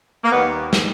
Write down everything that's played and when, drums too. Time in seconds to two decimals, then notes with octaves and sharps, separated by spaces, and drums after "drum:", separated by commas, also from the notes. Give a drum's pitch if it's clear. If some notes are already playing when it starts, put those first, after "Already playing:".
0.24 A#3
0.32 D#2 D#3 G3 B3
0.73 drum: snare